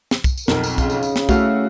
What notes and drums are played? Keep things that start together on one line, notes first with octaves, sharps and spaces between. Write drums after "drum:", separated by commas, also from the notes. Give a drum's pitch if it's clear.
drum: snare
drum: kick, tambourine
drum: tambourine
B1 F2 A#4, drum: snare
drum: tambourine
C#3 F4, drum: kick, tambourine
drum: tambourine
drum: tambourine
drum: snare
A3 E4 F#4 F5, drum: kick, tambourine